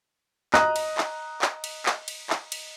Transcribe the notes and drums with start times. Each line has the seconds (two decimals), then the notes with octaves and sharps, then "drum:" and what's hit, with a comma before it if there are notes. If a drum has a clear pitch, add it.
0.54 D#5 A#5 D#6 F#6, drum: clap
0.76 drum: cymbal
0.98 drum: clap
1.42 drum: clap
1.64 drum: cymbal
1.86 drum: clap
2.08 drum: cymbal
2.30 drum: clap
2.52 drum: cymbal